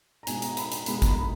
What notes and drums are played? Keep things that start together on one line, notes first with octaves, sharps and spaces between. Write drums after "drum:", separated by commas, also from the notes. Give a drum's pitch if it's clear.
A#5
B2 G#3 B3 G#5, drum: hi-hat
A#5, drum: hi-hat
B5, drum: hi-hat
A#5, drum: hi-hat
B2 G#3 B3 B5, drum: hi-hat
A#5, drum: kick G#1, hi-hat
B5
B5